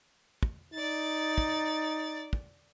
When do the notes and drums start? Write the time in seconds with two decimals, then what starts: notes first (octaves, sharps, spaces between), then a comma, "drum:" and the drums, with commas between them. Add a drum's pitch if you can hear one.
0.43 drum: kick
0.74 D#4 D5 A6
1.38 drum: kick
2.33 drum: kick